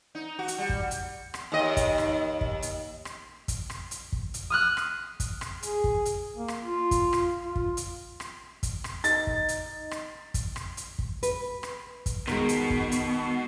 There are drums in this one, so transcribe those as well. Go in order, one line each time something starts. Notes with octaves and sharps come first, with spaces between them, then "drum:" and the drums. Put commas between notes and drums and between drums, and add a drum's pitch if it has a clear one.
D#4
F#4
drum: hi-hat
G3
drum: kick
drum: hi-hat
drum: rim click
D#2 D#5
drum: kick, hi-hat
drum: rim click
drum: kick
drum: hi-hat
drum: rim click
drum: kick, hi-hat
drum: rim click
drum: hi-hat
drum: kick
drum: hi-hat
D#6 F6 F#6
drum: rim click
drum: kick, hi-hat
drum: rim click
G#4, drum: hi-hat
drum: kick
drum: hi-hat
A#3
drum: rim click
F4
drum: kick, hi-hat
drum: rim click
F4
drum: kick
drum: hi-hat
drum: rim click
drum: kick, hi-hat
drum: rim click
D#4 A6, drum: hi-hat
drum: kick
drum: hi-hat
drum: rim click
drum: kick, hi-hat
drum: rim click
drum: hi-hat
drum: kick
B4, drum: hi-hat
drum: rim click
drum: kick, hi-hat
B2 D#3 G#3, drum: rim click
drum: hi-hat
drum: kick
drum: hi-hat